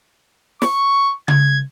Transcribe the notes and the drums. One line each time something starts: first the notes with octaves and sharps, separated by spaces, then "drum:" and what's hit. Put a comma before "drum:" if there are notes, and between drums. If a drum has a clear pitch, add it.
C#6, drum: snare
G#6, drum: tom C#3